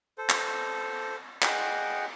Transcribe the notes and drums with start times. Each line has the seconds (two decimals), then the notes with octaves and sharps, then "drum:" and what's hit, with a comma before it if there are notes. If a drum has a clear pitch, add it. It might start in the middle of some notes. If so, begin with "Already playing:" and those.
0.18 A4 C5
0.29 drum: clap
1.42 G#4 D#5 F#5 G5, drum: clap